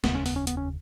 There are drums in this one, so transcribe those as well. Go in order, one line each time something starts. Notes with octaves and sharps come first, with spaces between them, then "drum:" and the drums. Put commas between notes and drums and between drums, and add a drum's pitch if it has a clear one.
F1 D#2 C#3 B3, drum: snare
C#4
B3, drum: open hi-hat
C#4
B3, drum: hi-hat
C#4